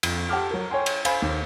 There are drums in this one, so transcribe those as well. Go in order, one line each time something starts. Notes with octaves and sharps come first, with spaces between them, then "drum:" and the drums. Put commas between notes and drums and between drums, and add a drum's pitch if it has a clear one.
F2, drum: cymbal
G4 F#5 A5 D6 F6
F#3 A#4
C#5 G5 G#5 C6
drum: cymbal
C5 F5 G#5 B5, drum: cymbal
D#2